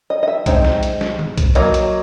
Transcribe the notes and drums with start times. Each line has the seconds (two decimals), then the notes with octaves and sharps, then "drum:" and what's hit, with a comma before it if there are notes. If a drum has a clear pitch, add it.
0.10 D#5
0.23 D#5
0.28 E5
0.46 G#3 C4 D#4, drum: kick, hi-hat
0.64 drum: snare
0.83 drum: hi-hat
1.01 drum: snare
1.19 drum: tom D#3
1.38 drum: kick, hi-hat
1.55 F#3 A#3 D#5, drum: hi-hat
1.74 drum: hi-hat